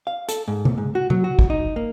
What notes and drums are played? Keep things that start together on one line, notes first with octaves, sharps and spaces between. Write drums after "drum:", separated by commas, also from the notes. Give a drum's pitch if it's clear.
F5
A4, drum: hi-hat
G#2
drum: tom C#3
G#2
F#4
F#3, drum: tom C#3
F#4
drum: kick
D#4
A#3